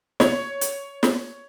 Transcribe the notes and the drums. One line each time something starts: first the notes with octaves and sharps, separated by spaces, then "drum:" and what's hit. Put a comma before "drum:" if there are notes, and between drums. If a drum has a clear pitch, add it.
C#5, drum: snare
drum: hi-hat
drum: snare